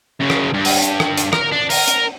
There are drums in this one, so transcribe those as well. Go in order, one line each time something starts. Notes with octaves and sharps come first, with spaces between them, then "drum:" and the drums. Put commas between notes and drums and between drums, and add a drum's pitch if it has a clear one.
F#2 C#3
drum: rim click
G2
drum: open hi-hat
drum: hi-hat
drum: rim click
drum: hi-hat
A#4, drum: rim click
D4
A#4, drum: open hi-hat
drum: hi-hat